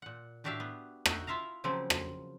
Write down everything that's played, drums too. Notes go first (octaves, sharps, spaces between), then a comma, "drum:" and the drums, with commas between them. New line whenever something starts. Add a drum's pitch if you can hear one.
A#2 F#5
A2 D4 F#4 G4 E5 F5
B3
D#4 F#4 E5 G5, drum: rim click
E4 F4 E5 F5 A#5
C#3 F3 F#3 A#3 C4
drum: rim click